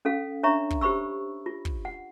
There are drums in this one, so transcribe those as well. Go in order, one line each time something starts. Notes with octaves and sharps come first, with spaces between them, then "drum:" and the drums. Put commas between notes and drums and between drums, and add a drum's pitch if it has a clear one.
C#4 A4 F5
D4 C#5 E5 A#5 C#6
drum: kick
G4 C5 B5 C#6 E6
F4
drum: kick
F#5